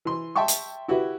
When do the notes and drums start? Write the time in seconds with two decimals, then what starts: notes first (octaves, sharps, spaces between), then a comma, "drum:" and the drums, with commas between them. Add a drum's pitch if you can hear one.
0.05 E3 C6
0.36 E5 G5 A5 C6 C#6
0.48 drum: hi-hat
0.88 E4 F#4 G4 B4 E5